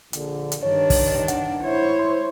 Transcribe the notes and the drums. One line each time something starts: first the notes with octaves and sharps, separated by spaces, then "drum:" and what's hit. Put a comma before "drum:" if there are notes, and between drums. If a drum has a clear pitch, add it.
A#1 D3, drum: hi-hat
drum: hi-hat
G2 D#3 D4 C#5
drum: kick, open hi-hat
F#5, drum: hi-hat
E4 C5 C#5
C6